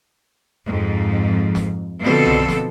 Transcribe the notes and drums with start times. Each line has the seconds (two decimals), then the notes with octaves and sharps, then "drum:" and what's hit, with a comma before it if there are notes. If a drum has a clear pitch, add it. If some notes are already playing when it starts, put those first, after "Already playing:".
0.66 F2 G#2
1.55 drum: snare
2.02 B2 D3 F3 C4 A4
2.25 drum: tom B1
2.49 drum: snare